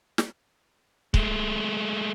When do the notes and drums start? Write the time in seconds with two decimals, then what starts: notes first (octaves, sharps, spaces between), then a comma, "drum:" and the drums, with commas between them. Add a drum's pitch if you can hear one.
0.18 drum: snare
1.14 G#3 A3, drum: kick